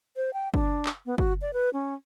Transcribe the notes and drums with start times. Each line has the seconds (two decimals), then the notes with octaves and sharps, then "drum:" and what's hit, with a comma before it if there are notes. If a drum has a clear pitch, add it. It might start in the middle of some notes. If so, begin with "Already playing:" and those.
0.16 C5
0.34 G5
0.54 D4, drum: kick
0.86 drum: clap
1.06 B3
1.18 F#4, drum: kick
1.41 D5
1.53 B4
1.73 C#4